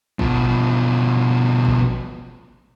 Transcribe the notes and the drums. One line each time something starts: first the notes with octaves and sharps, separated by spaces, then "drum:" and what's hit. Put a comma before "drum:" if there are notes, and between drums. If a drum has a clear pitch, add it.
B2 F3, drum: kick
drum: kick